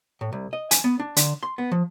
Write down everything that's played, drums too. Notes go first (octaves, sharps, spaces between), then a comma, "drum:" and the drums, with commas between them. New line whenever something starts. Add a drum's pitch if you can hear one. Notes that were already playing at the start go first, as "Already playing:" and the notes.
A2
C2
D#5
G#5, drum: hi-hat
B3
D4
D3, drum: hi-hat
C6
B3
F3